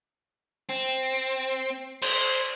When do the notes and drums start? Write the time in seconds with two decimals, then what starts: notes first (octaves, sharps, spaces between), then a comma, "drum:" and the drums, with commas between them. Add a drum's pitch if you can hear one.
0.69 C4
2.02 C5, drum: cymbal